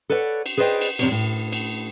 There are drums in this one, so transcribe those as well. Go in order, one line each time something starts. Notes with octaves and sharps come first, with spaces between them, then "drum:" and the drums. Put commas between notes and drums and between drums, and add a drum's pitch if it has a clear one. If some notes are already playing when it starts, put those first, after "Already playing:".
A4 B4 C#5 D5 F#5
drum: cymbal
G#4 B4 C5 D5 D#5 G5
drum: cymbal
F2 C3 B3 C4 C#5 D5, drum: cymbal
A2
drum: cymbal